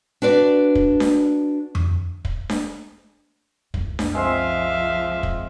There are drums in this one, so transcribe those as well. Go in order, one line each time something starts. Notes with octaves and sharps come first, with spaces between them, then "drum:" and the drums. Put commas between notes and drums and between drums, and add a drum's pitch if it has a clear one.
D4 F#4 B4 D5
drum: kick
drum: snare D4
drum: tom F2
drum: kick
drum: snare D4
F#1 C2, drum: kick
drum: snare D4
F3 G#3 C4 E5 F5
drum: kick